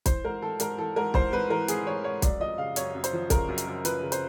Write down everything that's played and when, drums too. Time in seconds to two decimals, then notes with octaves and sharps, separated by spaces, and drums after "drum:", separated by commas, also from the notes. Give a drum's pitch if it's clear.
0.06 E3 C5, drum: kick, hi-hat
0.25 G#2 A#4
0.42 E3 A4
0.60 G#2 A#4, drum: hi-hat
0.78 E3 A4
0.96 G#2 A#4
1.14 E3 C5, drum: kick
1.32 G#2 B4
1.50 E3 A#4
1.68 G#2 G#4, drum: hi-hat
1.87 E3 C#5
2.04 G#2 C#5
2.22 F#2 D5, drum: kick, hi-hat
2.40 F3 D#5
2.58 C#3 F5
2.76 F#2 C#5, drum: hi-hat
2.95 F#2
3.04 C5, drum: hi-hat
3.13 F3
3.30 C#3 A#4, drum: kick, hi-hat
3.48 F#2
3.58 drum: hi-hat
3.67 F#2
3.85 F3 B4, drum: hi-hat
4.03 C#3
4.12 C5, drum: hi-hat